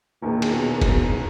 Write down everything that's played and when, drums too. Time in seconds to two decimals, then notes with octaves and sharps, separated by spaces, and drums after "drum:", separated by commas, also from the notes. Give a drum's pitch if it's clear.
0.22 E1 E2 A#2 D#3
0.42 drum: cymbal
0.51 B2
0.81 drum: kick E1, cymbal